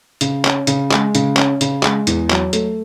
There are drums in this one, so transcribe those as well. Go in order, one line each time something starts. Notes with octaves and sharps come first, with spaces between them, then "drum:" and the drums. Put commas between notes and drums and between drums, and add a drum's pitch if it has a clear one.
C#3, drum: hi-hat
C#4, drum: clap
C#3, drum: hi-hat
G#3, drum: clap
C#3, drum: hi-hat
C#4, drum: clap
C#3, drum: hi-hat
G#3, drum: clap
E2, drum: hi-hat
F#3, drum: clap
A3, drum: hi-hat